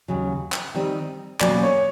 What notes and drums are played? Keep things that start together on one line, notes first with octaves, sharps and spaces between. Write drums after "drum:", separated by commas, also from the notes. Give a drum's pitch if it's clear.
D#2 C#3 F#3
drum: clap
D#3 G3 C4 D#4
B2 F#3 A#3 C#4 D5, drum: clap
C#5